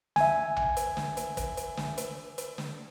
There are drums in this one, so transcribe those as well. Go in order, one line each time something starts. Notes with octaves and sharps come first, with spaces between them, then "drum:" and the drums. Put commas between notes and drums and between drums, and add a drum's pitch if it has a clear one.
E5 G#5, drum: snare
drum: tom A#1
drum: hi-hat
drum: snare
drum: hi-hat
drum: kick, hi-hat
drum: hi-hat
drum: snare
drum: hi-hat
drum: hi-hat
drum: snare